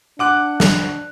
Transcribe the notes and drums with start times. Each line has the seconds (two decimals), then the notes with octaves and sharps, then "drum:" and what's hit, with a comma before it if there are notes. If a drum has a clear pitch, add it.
0.19 D4 F#5 D6 F#6
0.60 drum: snare